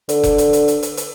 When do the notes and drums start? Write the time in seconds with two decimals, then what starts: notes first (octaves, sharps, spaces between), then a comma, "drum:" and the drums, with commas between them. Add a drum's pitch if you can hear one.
0.09 D3, drum: hi-hat
0.23 drum: kick F1, hi-hat
0.38 drum: hi-hat
0.53 drum: hi-hat
0.68 drum: hi-hat
0.83 drum: hi-hat
0.97 drum: hi-hat